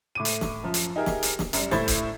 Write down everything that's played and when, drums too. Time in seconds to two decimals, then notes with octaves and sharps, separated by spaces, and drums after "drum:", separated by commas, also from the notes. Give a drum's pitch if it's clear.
0.15 A2 D6 D#7
0.25 drum: hi-hat
0.41 drum: snare
0.64 F#2 F3
0.74 drum: hi-hat
0.96 D#4 G4 G#4 A#4 E5
1.06 drum: snare
1.23 drum: hi-hat
1.39 drum: snare
1.53 F#2 G3, drum: hi-hat
1.71 A2 E4 C5 B5 G#6 A6, drum: snare
1.88 drum: kick, hi-hat